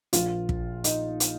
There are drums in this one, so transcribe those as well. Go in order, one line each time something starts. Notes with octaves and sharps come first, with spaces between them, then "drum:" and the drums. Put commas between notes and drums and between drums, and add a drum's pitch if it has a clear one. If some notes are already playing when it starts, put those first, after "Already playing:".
A#1 A#2 F3 F4, drum: hi-hat
drum: kick
D#4, drum: hi-hat
drum: hi-hat